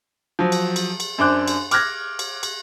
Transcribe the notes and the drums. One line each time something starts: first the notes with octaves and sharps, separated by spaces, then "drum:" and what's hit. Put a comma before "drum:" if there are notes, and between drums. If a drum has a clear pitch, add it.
F3 F#3
drum: cymbal
drum: cymbal
drum: cymbal
F#2 D4 C5 D6 F#6
drum: cymbal
D6 F6 F#6 G#6 A#6, drum: cymbal
drum: cymbal
drum: cymbal